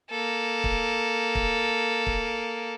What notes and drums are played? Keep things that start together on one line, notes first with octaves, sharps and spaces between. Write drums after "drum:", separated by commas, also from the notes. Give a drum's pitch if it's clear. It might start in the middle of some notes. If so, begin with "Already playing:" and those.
A#3 A4
drum: kick
drum: kick
drum: kick